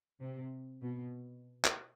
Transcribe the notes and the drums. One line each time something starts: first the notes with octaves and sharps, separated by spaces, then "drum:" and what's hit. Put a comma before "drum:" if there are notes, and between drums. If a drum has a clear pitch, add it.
C3
B2
drum: clap